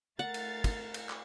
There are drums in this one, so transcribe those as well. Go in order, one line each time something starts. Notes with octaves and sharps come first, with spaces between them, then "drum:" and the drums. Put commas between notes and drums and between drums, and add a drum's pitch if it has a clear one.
A3 A#4 F5 F#5 A6
drum: cymbal
drum: kick, cymbal
drum: cymbal
drum: clap